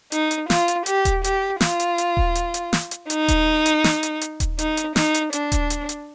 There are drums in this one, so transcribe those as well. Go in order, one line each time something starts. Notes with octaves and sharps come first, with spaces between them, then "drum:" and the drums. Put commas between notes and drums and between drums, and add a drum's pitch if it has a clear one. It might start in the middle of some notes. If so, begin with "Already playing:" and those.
D#4, drum: hi-hat
drum: hi-hat
F4, drum: snare
drum: hi-hat
G4, drum: hi-hat
drum: kick D#1, hi-hat
G4, drum: hi-hat
F4, drum: snare
drum: hi-hat
drum: hi-hat
drum: kick D#1
drum: hi-hat
drum: hi-hat
drum: snare
drum: hi-hat
D#4, drum: hi-hat
drum: kick D#1, hi-hat
drum: hi-hat
drum: snare
drum: hi-hat
drum: hi-hat
drum: kick D#1, hi-hat
D#4, drum: hi-hat
drum: hi-hat
D#4, drum: snare
drum: hi-hat
D4, drum: hi-hat
drum: kick D#1, hi-hat
drum: hi-hat
drum: hi-hat